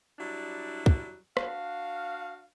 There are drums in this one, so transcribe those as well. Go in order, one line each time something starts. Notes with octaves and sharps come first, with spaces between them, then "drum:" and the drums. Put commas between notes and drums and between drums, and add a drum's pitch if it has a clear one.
F#3 G3 D4 E4
drum: kick
D4 F#4 F5, drum: rim click